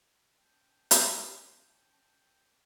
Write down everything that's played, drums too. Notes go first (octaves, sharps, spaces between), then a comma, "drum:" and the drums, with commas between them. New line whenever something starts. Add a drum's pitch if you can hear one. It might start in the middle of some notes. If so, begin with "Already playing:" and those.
C#4 G5 A5
drum: hi-hat